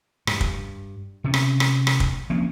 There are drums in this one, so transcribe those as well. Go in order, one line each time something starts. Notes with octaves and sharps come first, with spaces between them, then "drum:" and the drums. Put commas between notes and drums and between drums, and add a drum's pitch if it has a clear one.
G2, drum: rim click
drum: kick
C3 C#4
drum: rim click
drum: rim click
drum: rim click
drum: kick
F3 A#3 C4 C#4